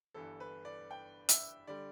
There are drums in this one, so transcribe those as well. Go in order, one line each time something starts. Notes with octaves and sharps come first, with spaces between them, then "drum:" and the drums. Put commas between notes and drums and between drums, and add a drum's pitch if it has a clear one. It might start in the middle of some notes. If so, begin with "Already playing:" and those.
G1 G2 E3 A4
B4
D5
G5
E5, drum: hi-hat
D3 G3 D5